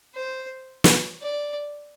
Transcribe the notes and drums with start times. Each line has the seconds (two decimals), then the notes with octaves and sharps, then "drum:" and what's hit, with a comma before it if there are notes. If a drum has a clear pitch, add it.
0.15 C5
0.84 drum: snare
1.22 D5